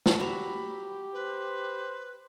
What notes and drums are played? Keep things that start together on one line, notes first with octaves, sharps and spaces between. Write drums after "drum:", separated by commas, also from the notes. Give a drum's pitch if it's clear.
drum: snare
F#4 G4 E5 A#5 B5
B4 C5